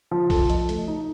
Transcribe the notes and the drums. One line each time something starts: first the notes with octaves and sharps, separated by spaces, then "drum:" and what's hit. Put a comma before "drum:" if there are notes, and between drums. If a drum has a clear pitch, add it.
F3
A4, drum: kick B1, open hi-hat
D#5, drum: hi-hat
A3, drum: hi-hat
D#4